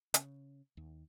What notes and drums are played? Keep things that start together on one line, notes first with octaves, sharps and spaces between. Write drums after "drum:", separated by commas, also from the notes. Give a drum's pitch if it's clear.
C#3, drum: hi-hat
D#2